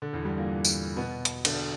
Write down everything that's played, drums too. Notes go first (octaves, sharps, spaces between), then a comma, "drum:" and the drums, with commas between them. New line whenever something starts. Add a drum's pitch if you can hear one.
D3
E2 E3
G2 G3
A#2 A#3
drum: tambourine
B2 B3
drum: hi-hat
D3 D4, drum: cymbal